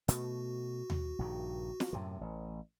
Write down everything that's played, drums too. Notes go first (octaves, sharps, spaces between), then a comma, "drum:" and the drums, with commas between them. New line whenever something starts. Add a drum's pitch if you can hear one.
B2 A3 F#4, drum: hi-hat
drum: tom D#2
A#1 G2 D#3
drum: snare
F#2 A2 C3
A1